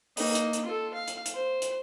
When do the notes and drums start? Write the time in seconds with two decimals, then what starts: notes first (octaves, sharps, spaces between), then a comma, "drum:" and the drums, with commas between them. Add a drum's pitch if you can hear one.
0.17 A#3 D#4, drum: open hi-hat
0.35 drum: hi-hat
0.53 drum: hi-hat
0.65 F4 A4
0.94 F5
1.08 drum: hi-hat
1.26 drum: hi-hat
1.35 C5
1.62 drum: hi-hat